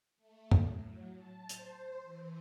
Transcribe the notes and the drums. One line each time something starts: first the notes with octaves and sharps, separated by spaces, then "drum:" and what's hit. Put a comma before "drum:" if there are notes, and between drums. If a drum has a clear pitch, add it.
A3
A2, drum: tom
F#3
A5
C5, drum: hi-hat
E3